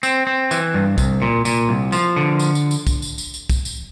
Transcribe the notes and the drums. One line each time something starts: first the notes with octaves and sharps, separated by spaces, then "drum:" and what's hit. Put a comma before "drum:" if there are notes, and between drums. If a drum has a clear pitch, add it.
C4, drum: tambourine
C4
E3, drum: tambourine
G2
C2, drum: kick, tambourine
A#2
A#2, drum: tambourine
C2
F3, drum: tambourine
D3
drum: tambourine
drum: tambourine
drum: tambourine
drum: kick, tambourine
drum: tambourine
drum: tambourine
drum: tambourine
drum: kick, tambourine
drum: tambourine